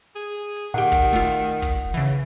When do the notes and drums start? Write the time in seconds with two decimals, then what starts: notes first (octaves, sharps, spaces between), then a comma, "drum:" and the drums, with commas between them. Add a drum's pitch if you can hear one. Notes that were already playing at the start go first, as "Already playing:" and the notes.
0.16 G#4
0.57 drum: hi-hat
0.74 A#2 D#3 G4 F#5
0.92 drum: kick, hi-hat
1.13 A3 F4
1.62 drum: kick, hi-hat
1.94 C#3 E3